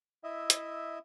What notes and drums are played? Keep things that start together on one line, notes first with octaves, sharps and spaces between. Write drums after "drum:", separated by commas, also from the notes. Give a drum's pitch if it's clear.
E4 D#5 E5
drum: hi-hat